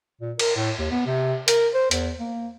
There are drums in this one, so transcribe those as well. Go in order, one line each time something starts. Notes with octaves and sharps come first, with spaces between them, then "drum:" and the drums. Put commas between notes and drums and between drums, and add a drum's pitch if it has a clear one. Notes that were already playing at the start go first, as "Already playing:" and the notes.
A#2
A#4, drum: cymbal
A2
D#2
B3
C3
A#4, drum: hi-hat
C5
E2, drum: hi-hat
A#3